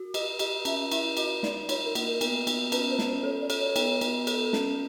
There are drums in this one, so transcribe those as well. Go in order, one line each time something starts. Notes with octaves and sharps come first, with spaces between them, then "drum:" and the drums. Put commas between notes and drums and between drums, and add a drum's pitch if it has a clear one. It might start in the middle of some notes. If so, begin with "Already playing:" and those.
Already playing: F#4
G4 D#5, drum: cymbal
G4 D#5, drum: cymbal
C#4 E5, drum: cymbal
E4 E5, drum: cymbal
F#4 D#5, drum: cymbal
D#4 D5, drum: snare
D#4 C#5, drum: cymbal
A#4
A#3, drum: cymbal
A#4
B3, drum: cymbal
B3, drum: cymbal
C#4 B4, drum: cymbal
C5
C#4, drum: snare
C5
A4 C#5
D5
A4, drum: cymbal
C#5
B3, drum: cymbal
B3, drum: cymbal
A4, drum: cymbal
C#4, drum: snare